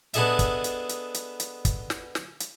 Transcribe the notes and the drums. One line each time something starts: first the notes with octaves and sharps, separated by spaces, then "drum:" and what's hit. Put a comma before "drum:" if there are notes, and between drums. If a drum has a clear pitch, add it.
B3 D4 G#4 A4 D#5 E5, drum: hi-hat
drum: kick, hi-hat
drum: hi-hat
drum: hi-hat
drum: hi-hat
drum: hi-hat
drum: kick, hi-hat
drum: snare
drum: snare
drum: hi-hat